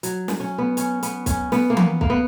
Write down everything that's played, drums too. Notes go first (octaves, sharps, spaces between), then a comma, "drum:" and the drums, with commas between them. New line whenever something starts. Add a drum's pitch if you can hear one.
F#3, drum: hi-hat
drum: snare
C#4
B3
C#4, drum: hi-hat
B3, drum: hi-hat
C#4, drum: kick, hi-hat
B3, drum: snare
A#3
B3, drum: tom E3
A#3, drum: kick
B3